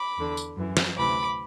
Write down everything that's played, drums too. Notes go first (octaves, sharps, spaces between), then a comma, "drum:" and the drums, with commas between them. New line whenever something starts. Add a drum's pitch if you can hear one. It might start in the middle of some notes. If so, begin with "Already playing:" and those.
Already playing: B5 D6
E2 D3
drum: tambourine
F#2 E3
drum: snare
D2 C3 E3 B5 D6